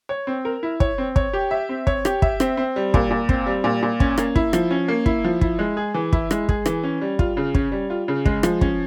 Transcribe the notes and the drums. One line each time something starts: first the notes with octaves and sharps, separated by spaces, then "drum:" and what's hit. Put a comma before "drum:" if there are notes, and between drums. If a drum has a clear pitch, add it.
C#5
C4
A#4
E4
C#5, drum: kick
C4
C#5, drum: kick
G4
E5
C4
C#5, drum: kick
G4, drum: rim click
E5, drum: kick
C4, drum: rim click
C4
G3
A#2, drum: kick
A#2
C4, drum: kick
G3
A#2
A#2
C#4, drum: kick
A#3, drum: rim click
E4, drum: kick
F3, drum: rim click
C#4
A#3
E4, drum: kick
F3
E4, drum: kick
G#3
G#4
E3
E4, drum: kick
G#3, drum: rim click
G#4, drum: kick
E3, drum: rim click
C#4
G3
F4, drum: kick
C#3
C#4, drum: kick
G3
F4
C#3
G#3, drum: kick
F3, drum: rim click
C#4, drum: kick